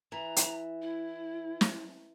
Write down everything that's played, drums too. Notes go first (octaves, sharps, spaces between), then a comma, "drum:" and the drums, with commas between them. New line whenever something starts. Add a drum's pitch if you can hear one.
E3 A#5
drum: hi-hat
E4
drum: snare